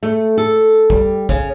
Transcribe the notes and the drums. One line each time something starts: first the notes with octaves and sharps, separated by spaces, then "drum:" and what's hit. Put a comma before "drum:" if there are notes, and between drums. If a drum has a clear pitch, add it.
A3
A4
G3, drum: kick
C#3, drum: kick